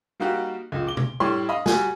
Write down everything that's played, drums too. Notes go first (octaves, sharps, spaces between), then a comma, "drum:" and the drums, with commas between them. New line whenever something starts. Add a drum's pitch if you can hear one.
G3 A#3 D#4 F#4 G4
C#2 A#2
D6 G7
drum: tom
A2 G3 C#5 B5 C6 D6
D#5 F5 B5
G3 F#4 G#5, drum: snare